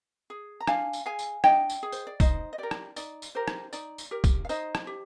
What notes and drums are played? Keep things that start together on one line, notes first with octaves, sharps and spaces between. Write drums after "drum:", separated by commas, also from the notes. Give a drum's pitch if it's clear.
G#4
A#5
D4 F5 G#5, drum: rim click
drum: tambourine
G#4 F5 G#5
drum: tambourine
D4 D#5 G5, drum: rim click
drum: tambourine
G#4
C5, drum: tambourine
D5
D#4 C5 D#5, drum: kick, tambourine
D#5
G4 A#4 D5
drum: rim click
D#4 D5, drum: tambourine
drum: tambourine
G4 A#4 C5
drum: rim click
D#4 D5, drum: tambourine
drum: tambourine
G4 A#4
drum: kick, tambourine
F5
D#4 C5 D#5, drum: tambourine
drum: rim click
G4